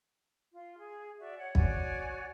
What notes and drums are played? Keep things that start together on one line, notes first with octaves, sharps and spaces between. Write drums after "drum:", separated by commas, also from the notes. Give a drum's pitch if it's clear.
F4
G#4
F#4 D5 E5
C#5 F#5
F#4 C#5 D5 G#5, drum: kick